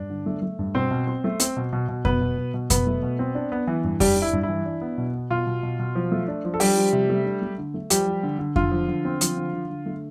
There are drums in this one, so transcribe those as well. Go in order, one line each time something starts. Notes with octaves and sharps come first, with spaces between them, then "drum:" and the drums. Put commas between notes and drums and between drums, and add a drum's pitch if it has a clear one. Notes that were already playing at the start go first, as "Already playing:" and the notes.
Already playing: G2 D4
D3
A3
A3
G2
B2 C4 C5
B2
C4
A3
C4, drum: hi-hat
B2
B2
B2
B2 B3 B4, drum: kick F2
B2
B2
B2
B2 B3 B4, drum: kick F2, hi-hat
A3
B2
C4
D4
B3
E3
G2
G3 D4 G4, drum: kick F2, open hi-hat
D4
E4
G2
E4
E3
D4
B3
B2
B3
B2 F4
B2
B2
B2
F3
A3
D4
F3
A4
G3 D4 G4, drum: open hi-hat
F3
C3
A3
D4
A3
D3
A3
F3 G3 G4, drum: hi-hat
F3
D3
D3
D3 F4, drum: kick F2
F3
D3
C4
F3, drum: hi-hat
D3
D3
D3
A3